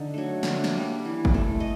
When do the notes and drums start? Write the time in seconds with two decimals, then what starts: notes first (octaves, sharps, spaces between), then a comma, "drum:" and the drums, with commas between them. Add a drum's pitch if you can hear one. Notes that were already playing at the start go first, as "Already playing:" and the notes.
Already playing: D3 D#4 D#5
0.14 F#3 A3
0.43 D3, drum: snare
0.64 drum: snare
0.74 G3 A#3
1.05 E3
1.25 drum: kick
1.34 A3
1.60 D#5